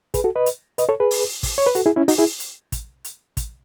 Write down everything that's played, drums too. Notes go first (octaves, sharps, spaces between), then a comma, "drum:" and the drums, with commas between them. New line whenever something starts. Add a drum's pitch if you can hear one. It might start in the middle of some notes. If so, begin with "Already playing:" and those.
G#4 B4, drum: kick, hi-hat
F#4 A4
B4 D#5
drum: hi-hat
B4 D#5, drum: hi-hat
A4 C#5
G#4 B4
drum: open hi-hat
drum: kick, open hi-hat
C#5
B4
F#4 A4, drum: hi-hat
E4 G#4
C#4 E4
D#4 F#4, drum: open hi-hat
E4 G#4
drum: hi-hat
drum: kick, hi-hat
drum: hi-hat
drum: kick, hi-hat